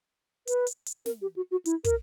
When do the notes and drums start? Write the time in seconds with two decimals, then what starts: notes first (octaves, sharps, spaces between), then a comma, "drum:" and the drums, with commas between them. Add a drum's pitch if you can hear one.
0.47 B4, drum: hi-hat
0.67 drum: hi-hat
0.86 drum: hi-hat
1.06 A#4, drum: snare
1.22 G4
1.36 F#4
1.51 F#4
1.65 E4, drum: hi-hat
1.84 A#4, drum: kick, hi-hat